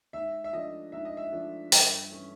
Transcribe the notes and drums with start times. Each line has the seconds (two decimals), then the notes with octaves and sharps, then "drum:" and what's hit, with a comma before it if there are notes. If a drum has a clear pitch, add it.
0.13 G#2 E5
0.44 E5
0.53 F3 A3 D4 D#5
0.92 G#2 E5
1.05 D#5
1.17 E5
1.32 F3 A3 D4
1.72 G2, drum: open hi-hat
2.11 E3 A3 C#4